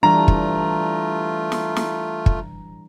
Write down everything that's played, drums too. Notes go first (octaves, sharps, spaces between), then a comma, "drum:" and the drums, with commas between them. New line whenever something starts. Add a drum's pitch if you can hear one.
E3 G3 A3 D4 F4 A#5
drum: kick
drum: snare
drum: snare
drum: kick